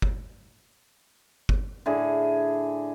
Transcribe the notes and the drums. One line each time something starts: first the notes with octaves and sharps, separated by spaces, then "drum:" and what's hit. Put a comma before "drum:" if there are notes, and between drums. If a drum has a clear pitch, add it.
drum: kick G1
drum: kick G1
A2 D3 G#4